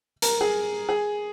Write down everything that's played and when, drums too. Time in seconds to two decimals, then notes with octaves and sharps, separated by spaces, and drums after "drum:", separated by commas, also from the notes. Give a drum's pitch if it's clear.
0.22 A#4, drum: hi-hat
0.41 G#4
0.89 G#4